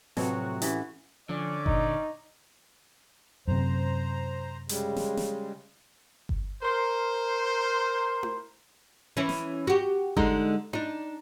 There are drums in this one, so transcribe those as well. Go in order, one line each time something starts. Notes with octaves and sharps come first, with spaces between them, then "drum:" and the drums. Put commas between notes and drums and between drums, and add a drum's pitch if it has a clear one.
A2 C3 F3 F#3 C4 F#4 B4, drum: snare
E3 C#4 G4, drum: hi-hat
D3 F3 C#4 D5
A#2 D#4, drum: kick G1
F#2 C3 C5 A#5
C#3 G3 G#3, drum: hi-hat
drum: snare
drum: snare
drum: kick G1
A#4 C5
drum: tom E4
E3 C#4 E4
drum: snare
F#4 G4
D3 G#3 D#4, drum: kick G1
D4 D#4, drum: tom E4